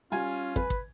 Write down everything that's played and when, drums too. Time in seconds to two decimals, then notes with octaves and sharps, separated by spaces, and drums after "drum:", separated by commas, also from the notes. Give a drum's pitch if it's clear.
0.12 G3 C#4 F4 G#5 G#6
0.56 F2 B4, drum: kick
0.70 drum: kick